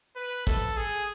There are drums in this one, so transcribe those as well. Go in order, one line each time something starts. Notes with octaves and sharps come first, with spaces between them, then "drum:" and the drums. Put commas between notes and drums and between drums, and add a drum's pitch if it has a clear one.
B4
A4, drum: kick
G#4